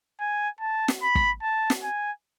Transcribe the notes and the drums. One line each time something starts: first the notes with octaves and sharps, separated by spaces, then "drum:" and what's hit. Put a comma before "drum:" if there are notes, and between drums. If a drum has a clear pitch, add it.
G#5
A5
drum: snare
B5
drum: kick
A5
drum: snare
G#5